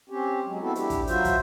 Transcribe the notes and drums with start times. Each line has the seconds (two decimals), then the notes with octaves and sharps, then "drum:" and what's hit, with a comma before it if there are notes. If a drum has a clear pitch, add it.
0.10 C4 C#4 G4
0.45 F#3 G#3
0.61 B3 C4 E4 F#4 A4
0.75 D4 E4 G4, drum: hi-hat
0.90 drum: kick, hi-hat
1.07 F#3 F4 F#4 C5 E5, drum: hi-hat
1.25 drum: kick, hi-hat